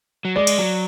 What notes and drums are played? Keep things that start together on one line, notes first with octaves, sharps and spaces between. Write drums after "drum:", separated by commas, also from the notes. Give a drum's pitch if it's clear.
F#3
G#3 D5
drum: cymbal
F#3